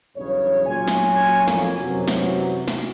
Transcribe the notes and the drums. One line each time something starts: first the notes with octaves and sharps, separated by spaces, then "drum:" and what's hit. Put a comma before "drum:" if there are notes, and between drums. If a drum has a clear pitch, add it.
B1 E2 G2 C#3 C#5
A#2 F#3 C#4 F4 C#5 G#5
drum: snare
drum: open hi-hat
F2 A2 A#3, drum: snare
F#2 C3 E3 F#3, drum: hi-hat
drum: snare
drum: open hi-hat
drum: snare